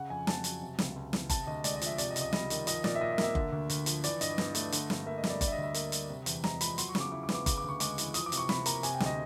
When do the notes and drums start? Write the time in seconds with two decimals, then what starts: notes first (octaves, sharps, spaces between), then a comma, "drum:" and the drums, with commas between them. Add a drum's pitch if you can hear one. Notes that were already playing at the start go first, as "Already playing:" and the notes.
Already playing: C#3 F#5
0.10 F2 G#5
0.27 F2 A5, drum: snare
0.44 F#3, drum: hi-hat
0.62 C3
0.79 C#2, drum: snare
0.96 C#2
1.13 E3, drum: snare
1.29 C3 A5, drum: kick F#1, hi-hat
1.47 D2 D#5
1.64 G#3 D5, drum: hi-hat
1.76 D#5
1.81 F3 E5, drum: hi-hat
1.98 C3 D5, drum: hi-hat
2.10 D#5
2.16 C#2, drum: hi-hat
2.21 D#5
2.33 G3 D#5, drum: snare
2.50 D#3, drum: hi-hat
2.67 F3 D#5, drum: hi-hat
2.84 A#2 D5, drum: snare
2.95 E5
3.01 A#2 D#5
3.12 E5
3.18 A#3, drum: snare
3.24 E5
3.35 D3, drum: kick F#1
3.52 D2
3.70 D2, drum: hi-hat
3.86 F3, drum: hi-hat
4.04 E3 D5, drum: hi-hat
4.21 G2 D#5, drum: hi-hat
4.38 G2, drum: snare
4.55 A3, drum: hi-hat
4.72 D3, drum: hi-hat
4.90 G2, drum: snare
5.06 A#3 E5
5.18 D#5
5.24 G3, drum: snare
5.30 D5
5.41 D3 D5, drum: kick F#1, hi-hat
5.48 E5
5.52 D#5
5.58 D2
5.63 E5
5.74 A#3, drum: hi-hat
5.92 G3, drum: hi-hat
6.09 C3
6.26 E2, drum: hi-hat
6.44 G#3 A#5, drum: snare
6.61 F3 B5, drum: hi-hat
6.78 F#3 C6, drum: hi-hat
6.89 C#6
6.95 C#3, drum: snare
7.00 D6
7.12 E4 D6
7.23 D6
7.29 B3, drum: snare
7.34 D6
7.46 C#3 D6, drum: kick F#1, hi-hat
7.57 D6
7.64 D2 C#6
7.80 G#3 D6, drum: hi-hat
7.98 E3, drum: hi-hat
8.14 F3 D#6, drum: hi-hat
8.26 D6
8.32 C3, drum: hi-hat
8.38 C#6
8.49 C3 B5, drum: snare
8.66 A#3 A#5, drum: hi-hat
8.83 C3 G#5, drum: hi-hat
8.95 G5
9.00 D2, drum: snare
9.06 D#5